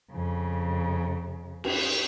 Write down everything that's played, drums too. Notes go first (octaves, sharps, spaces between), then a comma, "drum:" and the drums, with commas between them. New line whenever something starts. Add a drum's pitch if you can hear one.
F2 C#3
drum: cymbal